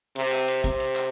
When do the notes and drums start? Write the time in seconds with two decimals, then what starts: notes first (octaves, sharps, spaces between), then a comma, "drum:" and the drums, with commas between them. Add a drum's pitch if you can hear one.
0.16 C3, drum: cymbal
0.32 drum: clap
0.48 drum: cymbal
0.64 C3, drum: kick, cymbal
0.80 drum: cymbal
0.96 drum: clap